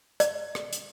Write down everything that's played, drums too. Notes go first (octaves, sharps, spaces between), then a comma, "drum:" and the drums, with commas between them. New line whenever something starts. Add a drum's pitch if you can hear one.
D5, drum: hi-hat
drum: rim click
drum: hi-hat